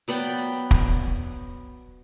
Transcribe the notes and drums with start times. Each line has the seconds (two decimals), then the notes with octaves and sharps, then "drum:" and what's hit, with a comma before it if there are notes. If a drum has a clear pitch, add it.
0.08 F#3 B3 D5 G5
0.71 drum: kick